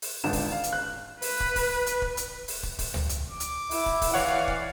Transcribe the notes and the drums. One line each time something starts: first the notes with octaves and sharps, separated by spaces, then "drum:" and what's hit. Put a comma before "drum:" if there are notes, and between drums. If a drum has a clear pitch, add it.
drum: open hi-hat
G#1 C#2 D3 D4 A5 E7
drum: kick, open hi-hat
F5
drum: hi-hat
F#6
B4, drum: open hi-hat
drum: kick
drum: kick, open hi-hat
drum: hi-hat
drum: kick
drum: hi-hat
drum: open hi-hat
drum: kick
drum: kick, open hi-hat
drum: tom C#2
drum: hi-hat
D6
drum: hi-hat
E4, drum: open hi-hat
drum: kick
drum: kick, open hi-hat
E3 C#5 D5 F5 F#5
drum: kick